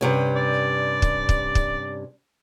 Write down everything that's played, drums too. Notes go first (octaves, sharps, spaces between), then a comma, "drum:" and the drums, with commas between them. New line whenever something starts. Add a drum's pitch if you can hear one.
G2 C3 C#4
D5
drum: kick
drum: kick
drum: kick